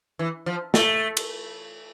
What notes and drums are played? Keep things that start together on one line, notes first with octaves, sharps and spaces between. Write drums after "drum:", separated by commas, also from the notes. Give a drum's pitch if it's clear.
E3
F3
A3, drum: snare
drum: cymbal